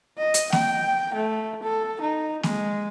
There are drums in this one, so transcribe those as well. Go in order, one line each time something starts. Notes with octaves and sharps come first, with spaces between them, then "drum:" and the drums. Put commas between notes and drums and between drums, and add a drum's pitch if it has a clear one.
D#5
drum: hi-hat
G5, drum: snare A#3
A3
A4
D#4
G#3, drum: snare A#3